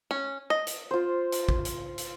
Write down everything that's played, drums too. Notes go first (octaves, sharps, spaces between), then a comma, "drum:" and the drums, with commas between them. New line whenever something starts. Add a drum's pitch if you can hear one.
C#4
D#5
drum: hi-hat
F4 C5
drum: hi-hat
drum: kick
drum: hi-hat
drum: hi-hat